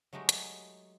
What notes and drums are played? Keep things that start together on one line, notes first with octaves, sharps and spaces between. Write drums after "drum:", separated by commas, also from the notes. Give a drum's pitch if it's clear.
F#3 G#3 A3 D#4 G4
drum: hi-hat